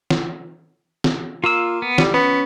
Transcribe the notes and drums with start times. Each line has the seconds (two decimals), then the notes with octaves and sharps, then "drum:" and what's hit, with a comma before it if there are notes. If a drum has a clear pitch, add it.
0.10 drum: snare
1.04 drum: snare
1.44 A#3 F4 E6
1.82 B3
1.98 G3, drum: snare
2.14 B3 C#4